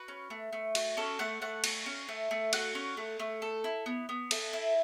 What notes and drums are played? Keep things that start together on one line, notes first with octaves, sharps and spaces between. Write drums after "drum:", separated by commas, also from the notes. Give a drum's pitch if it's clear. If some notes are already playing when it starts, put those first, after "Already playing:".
Already playing: F#4 B4
C#4
A3
A3
F#4, drum: cymbal
C#4 A4
A3 F#5
A3 F#5
F#4, drum: cymbal
C#4
A3
A3
F#4 F#5, drum: cymbal
C#4
A3
A3
A4
E4
B3
B3
A4 E5, drum: cymbal
E4